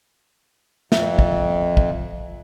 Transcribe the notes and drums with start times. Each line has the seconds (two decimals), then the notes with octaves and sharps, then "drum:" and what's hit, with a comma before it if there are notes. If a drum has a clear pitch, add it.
0.92 F2 E5, drum: snare
1.19 drum: kick
1.77 drum: kick